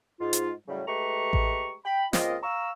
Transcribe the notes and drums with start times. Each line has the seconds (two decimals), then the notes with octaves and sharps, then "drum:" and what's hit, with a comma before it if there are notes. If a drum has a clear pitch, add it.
0.21 G#2 F4
0.33 drum: hi-hat
0.68 A2 C#3 F#3 G3
0.88 G#3 A3 G4 B4 A#5 C#6
1.33 drum: kick A1
1.85 G5 B5
2.13 C#2 A#3 C4 F4 A#4 D#5, drum: snare
2.43 F5 A#5 C#6 E6